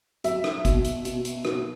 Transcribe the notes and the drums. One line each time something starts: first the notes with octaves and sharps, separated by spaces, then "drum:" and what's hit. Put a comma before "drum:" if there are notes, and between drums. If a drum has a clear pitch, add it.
F#3 E5, drum: hi-hat
drum: rim click
B2, drum: kick G1, hi-hat
drum: hi-hat
B2, drum: hi-hat
drum: hi-hat
B2, drum: rim click